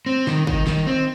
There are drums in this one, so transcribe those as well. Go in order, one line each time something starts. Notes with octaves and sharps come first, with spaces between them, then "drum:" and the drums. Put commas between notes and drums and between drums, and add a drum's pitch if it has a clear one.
C4
D#3, drum: snare
D#3, drum: kick
D#3, drum: snare
C4